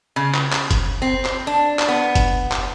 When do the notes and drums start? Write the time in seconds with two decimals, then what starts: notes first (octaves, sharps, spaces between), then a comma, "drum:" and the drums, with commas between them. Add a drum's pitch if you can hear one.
0.16 C#3
0.34 drum: clap
0.52 drum: clap
0.71 drum: kick F#1, hi-hat
1.02 C4
1.25 drum: clap
1.47 D4
1.79 drum: clap
1.88 B3
2.15 drum: kick F#1, hi-hat
2.52 drum: clap